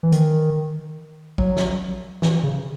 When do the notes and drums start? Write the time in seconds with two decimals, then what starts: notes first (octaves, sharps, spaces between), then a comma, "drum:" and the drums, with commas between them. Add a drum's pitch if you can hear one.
0.03 E3
0.12 D#3, drum: hi-hat
1.38 F#3, drum: kick A1
1.57 drum: snare
2.22 E3, drum: snare
2.43 C#3